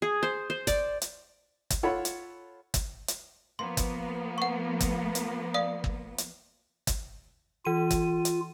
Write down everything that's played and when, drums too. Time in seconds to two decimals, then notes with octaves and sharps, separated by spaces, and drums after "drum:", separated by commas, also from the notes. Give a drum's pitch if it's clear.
0.02 G#4
0.23 C5
0.50 C5
0.67 D5, drum: kick, hi-hat
1.02 drum: hi-hat
1.70 drum: kick, hi-hat
1.83 F4 A4 C#5 F#5 B5
2.05 drum: hi-hat
2.74 drum: kick, hi-hat
3.08 drum: hi-hat
3.59 F3 A#3 B3 C6
3.77 drum: kick, hi-hat
4.38 F#5 C#6
4.80 drum: kick, hi-hat
5.15 drum: hi-hat
5.54 D5 F5 D#6
5.84 drum: kick
6.18 drum: hi-hat
6.87 drum: kick, hi-hat
7.65 E3 F4 D#7
7.91 drum: kick, hi-hat
8.25 drum: hi-hat